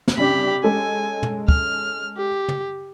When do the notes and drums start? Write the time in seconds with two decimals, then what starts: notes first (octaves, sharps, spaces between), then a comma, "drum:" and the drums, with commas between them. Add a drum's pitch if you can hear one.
0.08 drum: snare
0.17 C2 C#3 D4 G4 B5
0.64 G#3 C#4 A4 G#5
1.23 drum: tom
1.48 F6, drum: kick
2.17 G4
2.48 drum: tom